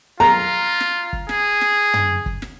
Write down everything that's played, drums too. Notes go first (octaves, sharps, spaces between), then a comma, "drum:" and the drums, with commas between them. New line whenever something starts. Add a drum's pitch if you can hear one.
F4 A#5
drum: snare
drum: kick
G#4, drum: snare
drum: snare
drum: tom
drum: kick
drum: snare